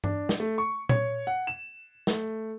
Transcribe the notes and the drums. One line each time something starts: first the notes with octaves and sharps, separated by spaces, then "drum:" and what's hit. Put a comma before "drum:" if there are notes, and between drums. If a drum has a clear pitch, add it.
D4, drum: tom G2
drum: snare
A3
C#6
C#5, drum: tom A#2
F#5
E7
A3, drum: snare